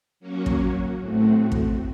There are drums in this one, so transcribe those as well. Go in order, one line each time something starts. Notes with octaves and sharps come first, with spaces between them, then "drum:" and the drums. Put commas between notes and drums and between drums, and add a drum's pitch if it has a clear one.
F#3 A#3 C#4 F#4
drum: kick
A2 A3 C4 F#4
drum: kick